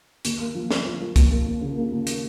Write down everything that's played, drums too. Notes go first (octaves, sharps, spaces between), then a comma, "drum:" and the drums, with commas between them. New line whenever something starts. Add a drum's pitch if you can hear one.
D#2, drum: hi-hat
A#3
F3
A#3, drum: snare
F3
F3
D#2, drum: kick C2, hi-hat
A#3
D#2
C#3
A#3
D#2
drum: hi-hat